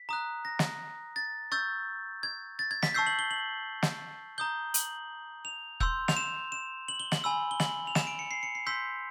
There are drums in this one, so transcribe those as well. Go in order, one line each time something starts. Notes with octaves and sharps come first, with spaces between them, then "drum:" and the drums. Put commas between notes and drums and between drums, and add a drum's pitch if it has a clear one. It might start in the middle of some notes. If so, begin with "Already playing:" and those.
Already playing: B6
A#5 D#6 F#6
A#6
drum: snare
A6
C#6 E6 G6 A6
G#6
A6
G#6
B6, drum: snare
A5 C#6 E6 G6 C7
F#7
G7
F#7
drum: snare
A#5 D#6 G6 G7
F#7, drum: hi-hat
F7
C6 E6 G6, drum: kick E1
F7, drum: snare
E7
E7
F#7
G7
F#7, drum: snare
G#5 B5 E6
G7
F#7, drum: snare
F7
E7, drum: snare
D7
C#7
C7
C#7
C7
C6 E6 G6 B6